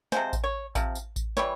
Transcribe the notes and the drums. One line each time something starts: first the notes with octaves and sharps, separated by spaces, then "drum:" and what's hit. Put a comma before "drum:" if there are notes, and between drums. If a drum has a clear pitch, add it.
C3 F3 G#3 C5, drum: snare
drum: kick A1, tambourine
C#5
C3 F3, drum: kick A1, tambourine
drum: tambourine
drum: kick A1, tambourine
E3 G3 C#5, drum: snare